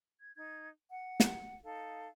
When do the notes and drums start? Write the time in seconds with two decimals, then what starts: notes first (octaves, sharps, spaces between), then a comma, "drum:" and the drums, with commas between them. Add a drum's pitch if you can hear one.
0.21 G#6
0.36 D#4 G#6
0.89 F#5
1.20 drum: snare
1.64 D#4 A4 F5